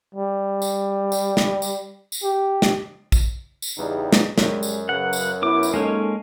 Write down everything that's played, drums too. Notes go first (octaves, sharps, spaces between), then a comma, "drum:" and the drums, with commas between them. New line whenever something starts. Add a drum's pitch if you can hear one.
G3
drum: tambourine
drum: tambourine
drum: snare
drum: tambourine
drum: tambourine
G4
drum: snare
drum: kick, tambourine
drum: tambourine
E2 C#3 G3 D#4
drum: snare
F#2 G3 G#3, drum: snare
drum: tambourine
C#3 F#3 B4 F#5
drum: tambourine
B3 E4 D6
drum: tambourine
G#3 A#3 C#4 D#4 A4